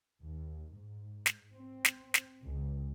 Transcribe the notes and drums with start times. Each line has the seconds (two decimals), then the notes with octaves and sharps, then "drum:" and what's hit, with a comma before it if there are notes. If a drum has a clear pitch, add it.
0.23 D#2
0.74 G#2
1.26 drum: snare
1.54 C4
1.85 drum: snare
2.14 drum: snare
2.43 C#2